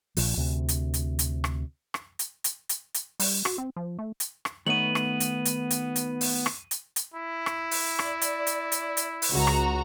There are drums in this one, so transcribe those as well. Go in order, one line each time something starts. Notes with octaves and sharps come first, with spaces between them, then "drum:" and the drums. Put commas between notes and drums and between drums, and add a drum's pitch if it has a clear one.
A#1 A#2 F3, drum: open hi-hat
D2 C3
drum: hi-hat
drum: hi-hat
drum: hi-hat
drum: rim click
drum: rim click
drum: hi-hat
drum: hi-hat
drum: hi-hat
drum: hi-hat
G3, drum: open hi-hat
F#4, drum: rim click
C4
F3
A3
drum: hi-hat
drum: rim click
D#3 A3 B3 C#5 D#7 F#7
drum: rim click
drum: hi-hat
drum: hi-hat
drum: hi-hat
drum: hi-hat
drum: open hi-hat
drum: rim click
drum: hi-hat
drum: hi-hat
E4
drum: rim click
drum: open hi-hat
D5, drum: rim click
drum: hi-hat
drum: hi-hat
drum: hi-hat
drum: hi-hat
drum: open hi-hat
C#2 F#4 A#5
drum: rim click